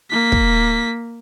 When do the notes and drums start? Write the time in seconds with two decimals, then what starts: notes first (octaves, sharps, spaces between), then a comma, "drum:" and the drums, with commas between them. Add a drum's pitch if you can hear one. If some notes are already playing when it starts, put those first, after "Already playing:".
0.11 A#3 B6
0.32 drum: kick